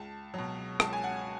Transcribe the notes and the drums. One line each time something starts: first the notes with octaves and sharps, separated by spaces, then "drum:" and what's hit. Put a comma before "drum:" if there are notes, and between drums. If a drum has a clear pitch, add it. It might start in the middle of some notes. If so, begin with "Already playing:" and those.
Already playing: C#2 A5
B2 F#3
C#2 A5, drum: rim click
G#5
F#5